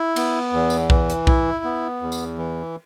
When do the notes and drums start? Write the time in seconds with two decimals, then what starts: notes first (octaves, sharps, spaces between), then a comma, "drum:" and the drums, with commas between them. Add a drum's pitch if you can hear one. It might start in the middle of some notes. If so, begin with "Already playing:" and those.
Already playing: E4
0.16 B3, drum: cymbal
0.53 E2
0.70 drum: tambourine
0.90 E3, drum: kick B1
1.10 drum: hi-hat
1.27 E4, drum: kick B1
1.64 B3
2.02 E2
2.12 drum: tambourine
2.38 E3